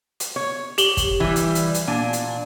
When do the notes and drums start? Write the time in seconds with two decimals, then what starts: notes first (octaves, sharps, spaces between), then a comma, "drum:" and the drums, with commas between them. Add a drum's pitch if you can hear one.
0.20 drum: hi-hat
0.36 C#5
0.78 G4 F#7 G7, drum: hi-hat
0.97 drum: kick, hi-hat
1.20 E3 G3
1.36 drum: hi-hat
1.55 drum: hi-hat
1.74 drum: hi-hat
1.87 A#2 D4 G#5
2.13 drum: hi-hat